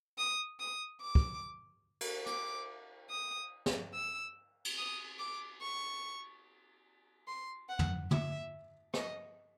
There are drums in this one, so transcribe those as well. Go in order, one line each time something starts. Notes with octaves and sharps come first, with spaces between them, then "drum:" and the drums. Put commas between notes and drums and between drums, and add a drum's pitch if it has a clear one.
D#6
D#6
D6
drum: kick
drum: cymbal
D6, drum: hi-hat
D#6
drum: snare
E6
drum: cymbal
D#6
D6
C#6
C6
F#5
drum: tom
E5, drum: tom
D#5, drum: rim click